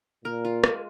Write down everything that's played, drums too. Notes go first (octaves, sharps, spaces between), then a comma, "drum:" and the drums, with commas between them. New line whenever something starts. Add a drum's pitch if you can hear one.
A#2 A#4
F4
G#3, drum: rim click